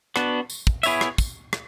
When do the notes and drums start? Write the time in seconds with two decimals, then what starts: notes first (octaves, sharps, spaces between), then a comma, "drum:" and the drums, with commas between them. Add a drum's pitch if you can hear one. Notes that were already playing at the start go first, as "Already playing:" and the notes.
0.16 B3 D4 F#4, drum: rim click
0.50 drum: tambourine
0.67 drum: kick
0.83 B3 E4 G#4 C#5 E5, drum: tambourine
1.01 drum: rim click
1.18 drum: kick, tambourine
1.53 drum: rim click